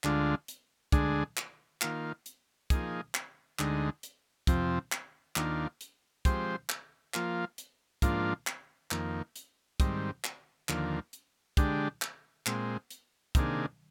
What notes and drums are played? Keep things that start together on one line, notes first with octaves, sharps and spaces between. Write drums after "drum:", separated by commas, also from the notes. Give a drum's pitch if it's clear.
D2 D3 G#3 D4 F4, drum: clap
drum: hi-hat
D2 D3 G#3 D4 G#4, drum: kick, hi-hat
drum: clap
D#3 A#3 F4, drum: clap
drum: hi-hat
F3 A#3 D#4 G#4, drum: kick, hi-hat
drum: clap
D2 D3 G#3 D#4, drum: clap
drum: hi-hat
F2 C3 F3 C4, drum: kick, hi-hat
drum: clap
D#2 D#3 A#3 D4 F4, drum: clap
drum: hi-hat
F3 G#3 C4 G4 C5, drum: kick, hi-hat
drum: clap
F3 A#3 F4, drum: clap
drum: hi-hat
G#2 F3 A#3 D4 F4, drum: kick, hi-hat
drum: clap
F2 D#3 A#3, drum: clap
drum: hi-hat
G#2 D#3 G3 C4, drum: kick, hi-hat
drum: clap
D#2 D3 F3 A#3, drum: clap
drum: hi-hat
D3 G#3 D4 G4, drum: kick, hi-hat
drum: clap
A#2 G#3 C4, drum: clap
drum: hi-hat
C3 D#3 A#3 D4 G#4, drum: kick, hi-hat